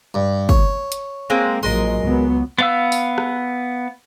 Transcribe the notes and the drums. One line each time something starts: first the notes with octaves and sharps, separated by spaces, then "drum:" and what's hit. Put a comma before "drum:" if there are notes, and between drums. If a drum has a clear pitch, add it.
G2
C#5, drum: kick
drum: hi-hat
G#3 A#3 C4
A#1 F#3 G#3 A#4 D#5 C6
C#2 F#3 B3
B3 F5 E6
drum: open hi-hat
drum: rim click